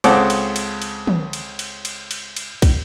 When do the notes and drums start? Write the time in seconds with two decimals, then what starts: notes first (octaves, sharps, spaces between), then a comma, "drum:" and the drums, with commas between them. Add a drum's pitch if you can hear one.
0.04 C#2 C#3 C4 A4 F#5 D6, drum: cymbal
0.30 drum: cymbal
0.56 drum: cymbal
0.82 drum: cymbal
1.07 drum: tom
1.33 drum: cymbal
1.59 drum: cymbal
1.85 drum: cymbal
2.11 drum: cymbal
2.36 drum: cymbal
2.62 drum: kick, cymbal